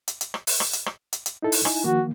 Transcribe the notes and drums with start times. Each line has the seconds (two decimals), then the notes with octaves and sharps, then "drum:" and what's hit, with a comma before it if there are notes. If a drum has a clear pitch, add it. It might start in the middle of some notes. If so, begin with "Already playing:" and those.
0.08 drum: hi-hat
0.21 drum: hi-hat
0.34 drum: rim click
0.47 drum: open hi-hat
0.60 drum: rim click
0.73 drum: hi-hat
0.86 drum: rim click
1.13 drum: hi-hat
1.26 drum: hi-hat
1.42 D#4 E4 A4
1.52 drum: open hi-hat
1.65 D#4 E4 G#5, drum: rim click
1.84 D#3 F3 A#3 F#4